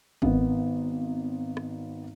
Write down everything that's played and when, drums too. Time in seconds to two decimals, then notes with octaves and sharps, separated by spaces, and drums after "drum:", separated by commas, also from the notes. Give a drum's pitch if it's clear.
0.22 G#1 D#3 B3, drum: kick F#1
1.57 drum: rim click